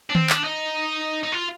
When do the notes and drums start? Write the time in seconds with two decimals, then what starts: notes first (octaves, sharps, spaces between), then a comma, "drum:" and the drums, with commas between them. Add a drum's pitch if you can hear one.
0.10 D4
0.15 C4, drum: tom D#3
0.30 D4, drum: clap
0.44 D#4
1.23 D#4
1.32 F4